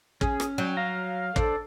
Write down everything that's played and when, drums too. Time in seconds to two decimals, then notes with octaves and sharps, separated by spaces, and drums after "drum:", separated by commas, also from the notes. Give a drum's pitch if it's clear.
0.21 C#4 G#4, drum: kick
0.40 drum: rim click
0.58 F#3 G5
0.77 F5 A#5
1.36 D4 A4 C5 D5, drum: kick